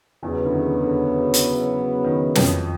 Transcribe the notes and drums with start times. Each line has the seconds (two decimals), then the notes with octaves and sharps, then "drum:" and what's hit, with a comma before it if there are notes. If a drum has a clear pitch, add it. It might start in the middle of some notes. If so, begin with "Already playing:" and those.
0.23 E2 C#3 E3 F#3 B3 E4
0.45 D3
0.52 D#3
0.83 D3
1.34 drum: hi-hat
2.04 D#3
2.35 F2 F3, drum: snare